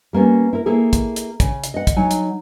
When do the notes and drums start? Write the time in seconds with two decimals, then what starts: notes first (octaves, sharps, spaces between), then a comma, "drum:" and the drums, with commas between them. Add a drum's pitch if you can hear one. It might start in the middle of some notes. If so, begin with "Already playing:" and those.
0.13 G3 A#3 B3 C#4
0.53 E4 A#4
0.66 A#3 E4 G#4 A4
0.93 drum: kick, hi-hat
1.16 drum: hi-hat
1.40 C#3, drum: kick, hi-hat
1.64 drum: hi-hat
1.74 D#5 F#5
1.87 drum: kick, hi-hat
1.96 F#3 D#4 F#5 G#5
2.11 drum: hi-hat